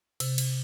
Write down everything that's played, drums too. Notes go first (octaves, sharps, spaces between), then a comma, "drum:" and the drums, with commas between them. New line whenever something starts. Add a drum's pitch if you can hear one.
C3, drum: cymbal
drum: cymbal